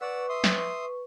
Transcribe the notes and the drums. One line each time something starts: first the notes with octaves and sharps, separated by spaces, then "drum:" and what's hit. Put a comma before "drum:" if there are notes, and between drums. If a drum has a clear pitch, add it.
B4 D5 F#5 C#6 E6
E5 C6 D#6
drum: snare